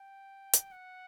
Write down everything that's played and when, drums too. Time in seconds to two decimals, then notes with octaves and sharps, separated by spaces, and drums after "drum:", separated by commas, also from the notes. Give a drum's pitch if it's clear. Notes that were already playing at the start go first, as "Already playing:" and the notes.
Already playing: G5
0.53 drum: hi-hat
0.72 F#5